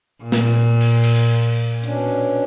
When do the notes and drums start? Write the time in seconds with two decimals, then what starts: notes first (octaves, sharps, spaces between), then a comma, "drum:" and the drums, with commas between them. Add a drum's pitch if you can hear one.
0.23 A#2
0.32 drum: snare
0.81 drum: cymbal
1.04 drum: cymbal
1.84 B2 C#4 D4, drum: hi-hat